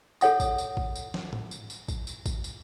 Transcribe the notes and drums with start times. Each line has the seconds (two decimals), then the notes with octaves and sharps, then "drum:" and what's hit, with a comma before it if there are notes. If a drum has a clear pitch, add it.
0.21 A4 C#5 F#5 D#6, drum: tambourine
0.40 drum: kick, tambourine
0.58 drum: tambourine
0.77 drum: kick
0.96 drum: tambourine
1.14 drum: snare
1.33 drum: tom G#2
1.51 drum: tambourine
1.70 drum: tambourine
1.88 drum: kick, tambourine
2.07 drum: tambourine
2.26 drum: kick, tambourine
2.44 drum: tambourine